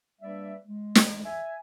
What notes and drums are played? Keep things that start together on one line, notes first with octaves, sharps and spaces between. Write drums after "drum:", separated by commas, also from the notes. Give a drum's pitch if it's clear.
G3 A#3 D4 B4 D5 E5
G#3
drum: snare
E5 G#5